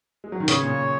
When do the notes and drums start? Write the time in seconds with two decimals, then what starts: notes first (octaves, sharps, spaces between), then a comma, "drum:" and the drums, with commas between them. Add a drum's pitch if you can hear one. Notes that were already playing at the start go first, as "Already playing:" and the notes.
0.24 G#3
0.32 F#3
0.40 D#3
0.48 C#3 C#5, drum: hi-hat
0.62 A#2
0.70 C#3